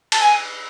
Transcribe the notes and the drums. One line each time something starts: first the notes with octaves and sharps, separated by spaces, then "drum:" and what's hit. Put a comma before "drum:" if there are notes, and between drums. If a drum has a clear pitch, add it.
A5, drum: cymbal
G#5